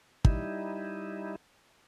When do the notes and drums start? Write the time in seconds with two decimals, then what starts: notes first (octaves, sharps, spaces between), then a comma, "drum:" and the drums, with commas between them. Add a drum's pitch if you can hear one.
0.25 G3 D#4 E4, drum: kick